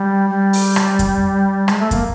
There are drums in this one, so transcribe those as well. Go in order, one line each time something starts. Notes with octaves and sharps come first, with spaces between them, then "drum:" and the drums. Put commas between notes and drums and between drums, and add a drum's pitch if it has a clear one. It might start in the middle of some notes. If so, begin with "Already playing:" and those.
Already playing: G3
G3
drum: open hi-hat
drum: rim click
drum: kick F2, hi-hat
G#3, drum: rim click
A3
A#3, drum: kick F2, hi-hat